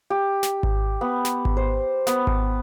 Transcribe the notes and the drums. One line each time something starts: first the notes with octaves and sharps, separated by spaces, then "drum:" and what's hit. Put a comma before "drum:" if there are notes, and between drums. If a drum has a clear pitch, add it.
G4
drum: snare
drum: kick G#1
B3
drum: snare
drum: kick G#1
C5
B3, drum: snare
drum: kick G#1